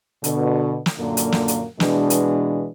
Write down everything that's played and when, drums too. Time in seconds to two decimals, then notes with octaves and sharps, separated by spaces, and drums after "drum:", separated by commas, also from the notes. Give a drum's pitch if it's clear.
0.24 B2 D3, drum: hi-hat
0.86 drum: snare
0.99 F#2 A#2 D3 A#3
1.17 drum: hi-hat
1.32 drum: snare
1.48 drum: hi-hat
1.80 B2 E3 G#3 D4, drum: snare
2.10 drum: hi-hat